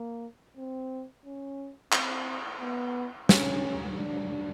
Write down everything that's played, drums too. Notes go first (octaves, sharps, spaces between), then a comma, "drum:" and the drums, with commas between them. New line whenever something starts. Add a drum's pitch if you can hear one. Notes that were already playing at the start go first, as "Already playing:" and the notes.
Already playing: A#3
C4
C#4
C4, drum: clap
B3
C#4, drum: snare
D4